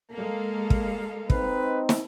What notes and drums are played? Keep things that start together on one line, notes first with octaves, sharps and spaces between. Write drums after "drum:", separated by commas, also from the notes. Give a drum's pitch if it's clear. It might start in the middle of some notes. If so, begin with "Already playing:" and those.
G#3 A#3 A4 F5
drum: kick
C4 D#4 B4, drum: kick
drum: snare